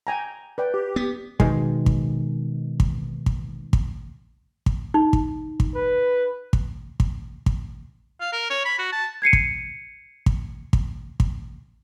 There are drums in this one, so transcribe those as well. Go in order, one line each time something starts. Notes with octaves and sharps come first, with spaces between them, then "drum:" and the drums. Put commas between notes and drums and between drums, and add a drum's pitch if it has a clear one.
G5 G#5 A#5
B4 D5 G5
G4
B3
B2 D#3 G#3, drum: kick
drum: kick
drum: kick
drum: kick
drum: kick
drum: kick
D#4
drum: kick
drum: kick
B4
drum: kick
drum: kick
drum: kick
F5
A#4
C#5
B5
F#4
A5
G#6 C7 C#7 D#7
drum: kick
drum: kick
drum: kick
drum: kick